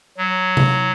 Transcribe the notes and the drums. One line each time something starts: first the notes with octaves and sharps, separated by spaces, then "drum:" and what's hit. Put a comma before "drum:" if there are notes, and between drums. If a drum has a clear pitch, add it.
F#3
drum: tom C3